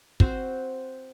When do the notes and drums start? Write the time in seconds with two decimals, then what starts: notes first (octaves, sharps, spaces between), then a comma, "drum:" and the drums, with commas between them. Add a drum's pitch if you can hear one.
0.20 C4 F#4 C5, drum: kick